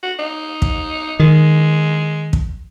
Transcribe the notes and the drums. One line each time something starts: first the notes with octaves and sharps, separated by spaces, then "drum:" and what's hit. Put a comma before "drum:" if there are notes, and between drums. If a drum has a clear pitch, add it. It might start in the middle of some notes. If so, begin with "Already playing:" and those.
F#4
D#4
drum: kick
D#3 G#3
drum: kick